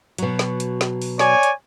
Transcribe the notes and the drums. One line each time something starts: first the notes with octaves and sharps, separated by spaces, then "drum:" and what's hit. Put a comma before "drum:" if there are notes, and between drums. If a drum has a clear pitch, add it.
B2 F#3, drum: hi-hat
drum: snare
drum: hi-hat
drum: snare
drum: open hi-hat
C#5 D5 G#5, drum: snare
drum: hi-hat